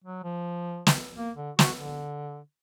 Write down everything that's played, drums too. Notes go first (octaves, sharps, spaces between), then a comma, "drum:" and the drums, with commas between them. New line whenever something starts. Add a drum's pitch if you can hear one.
F#3
F3
drum: snare
A#3
D3
F#4, drum: snare
D3